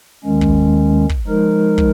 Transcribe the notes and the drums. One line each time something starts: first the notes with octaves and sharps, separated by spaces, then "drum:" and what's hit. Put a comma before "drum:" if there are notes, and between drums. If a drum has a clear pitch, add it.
D#2 D#3 G#3 C#4
drum: kick
drum: kick
F3 G#3 D#4 A#4
drum: kick